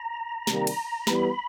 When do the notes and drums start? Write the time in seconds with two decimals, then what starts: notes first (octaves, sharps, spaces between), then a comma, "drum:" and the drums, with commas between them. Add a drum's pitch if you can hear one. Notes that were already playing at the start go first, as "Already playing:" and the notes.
Already playing: A#5
0.47 C3 D#3 G3 A#3, drum: snare
0.67 drum: cymbal
1.07 E3 G3 B3 B5, drum: snare